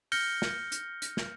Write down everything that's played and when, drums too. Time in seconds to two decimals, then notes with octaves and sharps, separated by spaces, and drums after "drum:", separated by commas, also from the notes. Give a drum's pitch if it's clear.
0.12 F6 G6 A#6 C#7 G7, drum: open hi-hat
0.42 drum: snare
0.72 drum: hi-hat
1.02 drum: hi-hat
1.17 drum: snare